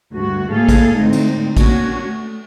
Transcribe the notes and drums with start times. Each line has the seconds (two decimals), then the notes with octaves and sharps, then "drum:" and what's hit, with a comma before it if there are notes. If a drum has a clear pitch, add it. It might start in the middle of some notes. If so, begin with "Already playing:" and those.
0.14 D2 G2 A3 F#4
0.51 A2 A#3 G#4 A4 F5
0.69 drum: kick, cymbal
0.98 A2 D3 G#3 A3 C4 D#4
1.13 drum: cymbal
1.57 A#3 C#4 D4 F#4, drum: kick, cymbal
2.06 A3